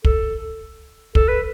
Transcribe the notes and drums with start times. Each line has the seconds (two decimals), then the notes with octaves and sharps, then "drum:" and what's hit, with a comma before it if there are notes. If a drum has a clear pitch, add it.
0.05 A4, drum: kick
1.15 A4, drum: kick
1.28 B4